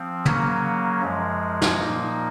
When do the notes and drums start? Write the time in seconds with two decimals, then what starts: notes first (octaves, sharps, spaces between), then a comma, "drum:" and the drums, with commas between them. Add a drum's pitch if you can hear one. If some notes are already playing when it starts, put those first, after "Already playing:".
Already playing: F3 C4
0.26 C#3 F#3 A#3 C#4, drum: tom
1.02 F#2 F3 G#3
1.62 drum: snare
1.78 A#2 F3 A#3 D#4